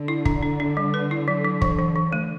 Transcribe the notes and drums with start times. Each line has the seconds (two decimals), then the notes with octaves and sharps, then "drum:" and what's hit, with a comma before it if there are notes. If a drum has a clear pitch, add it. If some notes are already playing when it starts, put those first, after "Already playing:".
Already playing: D3
0.08 E4
0.25 D4, drum: kick
0.43 D4
0.60 D4
0.77 G3
0.94 B4
1.11 E4
1.28 F#3
1.45 F#3
1.62 E3, drum: kick
1.79 E3
1.96 E3
2.13 A3